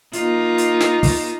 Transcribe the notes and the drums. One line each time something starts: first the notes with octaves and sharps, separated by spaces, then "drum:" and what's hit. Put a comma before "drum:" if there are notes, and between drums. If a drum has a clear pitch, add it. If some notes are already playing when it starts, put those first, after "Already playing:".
A#3 D#4 F4, drum: hi-hat
drum: hi-hat
drum: snare
drum: kick, open hi-hat